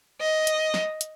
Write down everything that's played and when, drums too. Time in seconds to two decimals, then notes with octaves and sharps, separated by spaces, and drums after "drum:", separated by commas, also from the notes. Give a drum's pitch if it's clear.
0.21 D#5
0.47 drum: hi-hat
0.74 drum: snare
1.01 drum: hi-hat